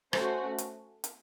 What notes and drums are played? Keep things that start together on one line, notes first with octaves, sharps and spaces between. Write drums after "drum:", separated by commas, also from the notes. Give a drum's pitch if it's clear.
A3 C#4 F#4 C5, drum: rim click
drum: hi-hat
drum: hi-hat